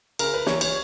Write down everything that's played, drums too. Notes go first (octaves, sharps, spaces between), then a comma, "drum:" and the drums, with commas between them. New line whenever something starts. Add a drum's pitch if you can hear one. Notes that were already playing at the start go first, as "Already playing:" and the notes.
C#3 A#4, drum: cymbal
B4
E3 C#5, drum: snare
C#5, drum: cymbal